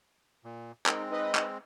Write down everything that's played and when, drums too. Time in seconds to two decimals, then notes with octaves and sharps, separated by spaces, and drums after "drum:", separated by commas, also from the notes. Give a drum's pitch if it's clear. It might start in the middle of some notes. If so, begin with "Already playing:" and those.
0.44 A#2
0.86 G#3 C4 D#4 A#4 G5, drum: clap
1.11 D#4 B4 D#5
1.35 drum: clap